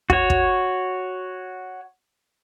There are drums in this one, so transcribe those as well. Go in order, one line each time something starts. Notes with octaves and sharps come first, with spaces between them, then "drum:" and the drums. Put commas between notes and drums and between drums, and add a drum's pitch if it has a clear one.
F#4 C#5, drum: kick
drum: kick